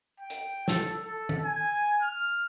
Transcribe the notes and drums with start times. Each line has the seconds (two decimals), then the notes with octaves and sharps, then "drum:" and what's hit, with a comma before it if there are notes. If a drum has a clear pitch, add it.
0.20 G5
0.30 drum: hi-hat
0.68 A4, drum: snare
1.03 A4
1.29 drum: tom
1.43 G#5
2.02 F6